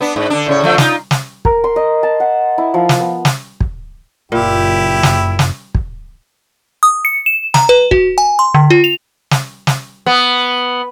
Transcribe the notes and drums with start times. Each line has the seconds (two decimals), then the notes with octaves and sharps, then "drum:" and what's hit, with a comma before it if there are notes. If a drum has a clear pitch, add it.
0.01 B3 D4
0.16 G#2
0.30 D3 D4
0.46 A2 C#3 C#5
0.62 D3 F3 A3
0.78 D#4 F4, drum: snare
1.11 drum: snare
1.45 A#4, drum: kick
1.64 C6
1.76 D#5
2.03 A5
2.20 F#5
2.58 E4
2.74 F3
2.89 drum: snare
3.00 B3
3.25 drum: snare
3.61 drum: kick
4.32 F#1 A#2 E4 G4
5.03 drum: snare
5.39 drum: snare
5.75 drum: kick
6.83 D#6
7.05 C#7
7.26 E7
7.54 A#5, drum: snare
7.69 B4
7.91 F#4, drum: kick
8.18 G#5
8.39 C6
8.54 D3
8.70 F4
8.84 F7
9.31 drum: snare
9.67 drum: snare
10.06 B3